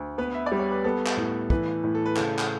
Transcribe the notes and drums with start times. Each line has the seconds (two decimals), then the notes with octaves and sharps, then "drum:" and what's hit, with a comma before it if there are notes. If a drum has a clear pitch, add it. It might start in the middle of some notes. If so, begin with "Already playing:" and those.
Already playing: D2
0.18 B3 B4
0.34 E5
0.46 D5
0.52 G3
0.59 C#5
0.71 B4
0.84 B3 A4
1.06 drum: clap
1.17 A2
1.50 E3 B4, drum: kick
1.84 A2
1.95 A4
2.06 B4
2.16 C#3 A4, drum: clap
2.38 drum: clap